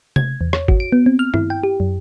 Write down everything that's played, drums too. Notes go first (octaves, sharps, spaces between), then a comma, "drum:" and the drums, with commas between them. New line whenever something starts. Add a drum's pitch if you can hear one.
G#6, drum: tom C3
E2
C#5, drum: rim click
F#4, drum: kick G#1
D7
B3
C4
F6
E4, drum: tom G2
G5
G4
F#2